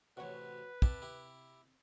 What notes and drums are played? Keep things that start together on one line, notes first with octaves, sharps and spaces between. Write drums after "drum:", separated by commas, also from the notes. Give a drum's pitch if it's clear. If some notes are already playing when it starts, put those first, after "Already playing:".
A1 C3 F#4 B4 C#5 F#5
C3 E4 G4 A5, drum: kick
E4 G4